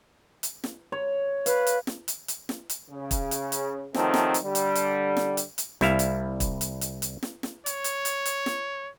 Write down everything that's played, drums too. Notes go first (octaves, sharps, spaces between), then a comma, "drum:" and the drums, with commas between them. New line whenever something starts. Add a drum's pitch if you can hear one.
drum: hi-hat
drum: snare
C#5
B4 F5, drum: hi-hat
drum: hi-hat
drum: snare
drum: hi-hat
drum: hi-hat
drum: snare
drum: hi-hat
C#3
drum: kick, hi-hat
drum: hi-hat
drum: hi-hat
C3 D#3 F3 F#3 A3 C4, drum: snare
drum: snare
drum: hi-hat
D3 G3
drum: hi-hat
drum: hi-hat
drum: snare
drum: hi-hat
drum: hi-hat
C2 G3 E4 E5 F5, drum: snare
drum: hi-hat
drum: kick, hi-hat
drum: hi-hat
drum: hi-hat
drum: hi-hat
drum: snare
drum: snare
C#5, drum: hi-hat
drum: hi-hat
drum: hi-hat
drum: hi-hat
drum: snare